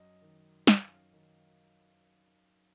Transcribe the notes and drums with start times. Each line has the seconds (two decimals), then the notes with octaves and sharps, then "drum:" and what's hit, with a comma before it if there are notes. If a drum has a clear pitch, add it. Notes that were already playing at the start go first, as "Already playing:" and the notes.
Already playing: F#2 D#5
0.22 D#3
0.67 F#2 F5, drum: snare
1.12 D#3